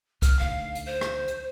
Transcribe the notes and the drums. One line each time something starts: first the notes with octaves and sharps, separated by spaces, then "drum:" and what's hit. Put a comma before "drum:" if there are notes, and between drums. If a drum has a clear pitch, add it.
C2 F6, drum: kick C#2, hi-hat
D2 D#3 F5
drum: hi-hat
C5
drum: rim click
drum: hi-hat